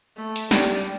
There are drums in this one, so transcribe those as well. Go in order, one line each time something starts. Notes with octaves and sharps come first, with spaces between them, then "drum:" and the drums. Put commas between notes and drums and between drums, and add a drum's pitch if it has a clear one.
A3
drum: hi-hat
G3, drum: snare